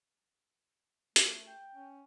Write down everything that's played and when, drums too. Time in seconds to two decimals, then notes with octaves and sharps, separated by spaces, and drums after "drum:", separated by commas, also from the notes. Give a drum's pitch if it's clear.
1.16 A3, drum: hi-hat
1.47 G5
1.75 C#4